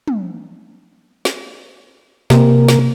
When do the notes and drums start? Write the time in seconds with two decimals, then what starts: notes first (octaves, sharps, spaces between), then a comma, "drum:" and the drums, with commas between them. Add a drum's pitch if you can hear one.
0.08 drum: tom
1.25 drum: snare
2.30 C3 A#3, drum: snare
2.68 drum: snare